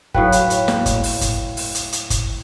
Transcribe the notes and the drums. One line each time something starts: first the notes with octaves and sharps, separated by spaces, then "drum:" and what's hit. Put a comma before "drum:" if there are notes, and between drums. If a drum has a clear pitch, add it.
A2 F#3 B4 F5 G5, drum: kick
drum: hi-hat
drum: hi-hat
drum: snare
drum: kick, hi-hat
drum: open hi-hat
drum: kick, hi-hat
drum: open hi-hat
drum: hi-hat
drum: hi-hat
drum: kick, hi-hat